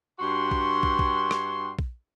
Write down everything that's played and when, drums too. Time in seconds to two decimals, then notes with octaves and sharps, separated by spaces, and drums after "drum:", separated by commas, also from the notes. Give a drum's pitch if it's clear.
0.19 G2 F#4 C6
0.51 drum: kick
0.83 drum: kick
0.99 drum: kick
1.31 drum: rim click
1.79 drum: kick